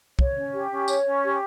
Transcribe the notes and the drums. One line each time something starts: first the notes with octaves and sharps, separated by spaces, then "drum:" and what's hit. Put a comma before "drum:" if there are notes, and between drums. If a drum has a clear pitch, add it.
C#5, drum: kick
C#4
G4
C#4
C#5, drum: tambourine
C#4
G4